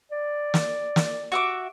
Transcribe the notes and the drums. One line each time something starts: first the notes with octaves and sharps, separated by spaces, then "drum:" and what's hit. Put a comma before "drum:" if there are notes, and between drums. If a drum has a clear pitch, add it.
D5
drum: snare
drum: snare
F#4 E5 D6